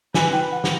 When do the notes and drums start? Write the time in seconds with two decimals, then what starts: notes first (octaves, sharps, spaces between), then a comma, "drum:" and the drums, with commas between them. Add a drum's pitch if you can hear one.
0.14 B4 G#5, drum: snare
0.33 G5
0.52 F#5
0.64 drum: snare